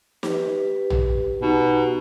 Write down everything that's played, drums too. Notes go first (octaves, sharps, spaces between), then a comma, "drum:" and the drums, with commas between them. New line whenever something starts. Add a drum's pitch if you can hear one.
G4 B4, drum: snare
drum: tom A#1
B2 D#4